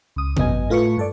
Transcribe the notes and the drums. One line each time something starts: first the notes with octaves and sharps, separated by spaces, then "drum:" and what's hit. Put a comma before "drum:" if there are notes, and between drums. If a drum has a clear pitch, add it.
C#2 D#6
G#1 F#2 B3 D#5 G#5, drum: tom B2
A2 A3 F4 B4 C#6 C#7
G2 A4 D5